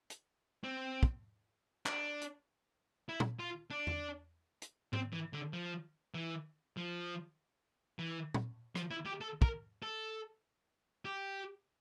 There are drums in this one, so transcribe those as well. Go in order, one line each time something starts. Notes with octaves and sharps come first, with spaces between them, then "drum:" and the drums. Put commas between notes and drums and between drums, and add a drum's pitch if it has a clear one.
drum: hi-hat
C4
drum: kick
D4, drum: clap
drum: hi-hat
E4
drum: tom
F4
D4
drum: tom E2
drum: hi-hat
C4, drum: tom G#2
E3
D3
F3
E3
F3
E3
drum: tom
F3, drum: rim click
E4
G4
A4
A#4, drum: kick
A4
G4